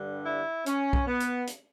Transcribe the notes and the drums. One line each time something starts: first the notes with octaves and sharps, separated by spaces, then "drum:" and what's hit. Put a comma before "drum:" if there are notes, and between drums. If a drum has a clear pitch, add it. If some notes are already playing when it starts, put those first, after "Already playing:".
Already playing: G2 D3 G3
E4
C#4, drum: hi-hat
drum: kick B1
B3
drum: hi-hat
drum: hi-hat